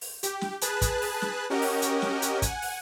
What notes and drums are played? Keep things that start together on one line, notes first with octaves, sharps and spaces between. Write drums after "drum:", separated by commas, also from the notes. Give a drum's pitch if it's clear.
drum: open hi-hat
G4, drum: hi-hat
drum: snare
G#4 B4 A5 F#6, drum: hi-hat
drum: kick, hi-hat
drum: open hi-hat
drum: snare
C#4 F#4 G4 A#4 D#5
drum: open hi-hat
drum: hi-hat
drum: snare
drum: hi-hat
F#5 G#5, drum: kick, hi-hat
drum: open hi-hat